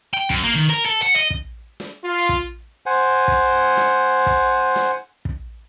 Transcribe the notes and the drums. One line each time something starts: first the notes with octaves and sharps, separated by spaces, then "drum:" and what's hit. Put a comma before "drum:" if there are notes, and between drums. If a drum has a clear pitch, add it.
G5
F#2, drum: kick
A#3
D#3
A#4
A4
F#5
D#5
drum: kick
drum: snare
F4
drum: kick
C5 F#5 G#5
drum: kick
drum: snare
drum: kick
drum: snare
drum: kick